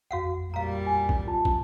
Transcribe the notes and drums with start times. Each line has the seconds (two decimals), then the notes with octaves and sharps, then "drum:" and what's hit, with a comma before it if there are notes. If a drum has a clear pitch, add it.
0.11 A1 F2 F#4 F5 F#5
0.54 A#2 G3 F5 A#5
0.86 G#5
1.09 drum: kick
1.27 F4 A5
1.45 drum: kick